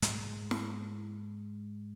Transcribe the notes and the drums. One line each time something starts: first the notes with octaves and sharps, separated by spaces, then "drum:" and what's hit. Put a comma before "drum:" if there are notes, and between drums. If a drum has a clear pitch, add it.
G#2 G#3, drum: hi-hat
drum: snare